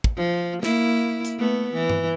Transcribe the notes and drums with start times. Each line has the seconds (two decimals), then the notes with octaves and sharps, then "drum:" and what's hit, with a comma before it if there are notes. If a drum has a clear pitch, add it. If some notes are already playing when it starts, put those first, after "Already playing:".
0.04 drum: kick
0.17 F3
0.63 A#3 E4, drum: snare
1.25 drum: hi-hat
1.39 A3 B3
1.74 E3
1.89 drum: tom G2